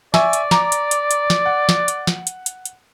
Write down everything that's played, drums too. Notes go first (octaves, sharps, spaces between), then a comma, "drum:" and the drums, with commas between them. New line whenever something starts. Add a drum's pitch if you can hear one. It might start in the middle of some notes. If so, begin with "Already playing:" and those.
D5 E5 G#5 C#6, drum: snare
drum: hi-hat
A#5 D6, drum: snare
drum: hi-hat
drum: hi-hat
drum: hi-hat
drum: snare
F#5
drum: snare
drum: hi-hat
drum: snare
drum: hi-hat
drum: hi-hat
drum: hi-hat